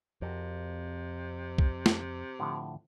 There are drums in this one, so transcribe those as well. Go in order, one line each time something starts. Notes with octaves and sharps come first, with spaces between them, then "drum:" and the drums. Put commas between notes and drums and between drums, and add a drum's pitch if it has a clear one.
F2 C3 F#4 A#4
drum: kick
drum: snare
A2 D3 F3